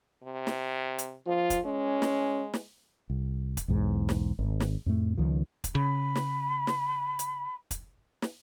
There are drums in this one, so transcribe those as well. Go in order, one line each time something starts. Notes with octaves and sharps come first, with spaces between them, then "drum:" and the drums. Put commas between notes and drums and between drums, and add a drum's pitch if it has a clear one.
C3
drum: snare
drum: hi-hat
F3 F4
drum: kick, hi-hat
G#3 C#4
drum: snare
drum: snare
C2
drum: kick, hi-hat
B1 E2 G#2
drum: snare
G#1
drum: snare
F2 A2 A3
C#2 D#3 F3
drum: kick, hi-hat
C#3 B5
drum: snare
drum: snare
drum: hi-hat
drum: kick, hi-hat
drum: snare